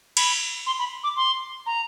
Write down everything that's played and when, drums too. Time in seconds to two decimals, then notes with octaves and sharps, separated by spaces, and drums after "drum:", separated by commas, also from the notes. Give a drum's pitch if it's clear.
0.17 B5, drum: cymbal
0.66 C6
0.79 B5
1.04 D6
1.16 C6
1.66 A#5